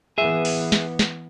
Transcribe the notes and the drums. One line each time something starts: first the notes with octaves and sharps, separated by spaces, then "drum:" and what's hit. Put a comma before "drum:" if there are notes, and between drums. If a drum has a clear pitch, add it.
E3 B3 G#4 E5
drum: open hi-hat
drum: snare
drum: snare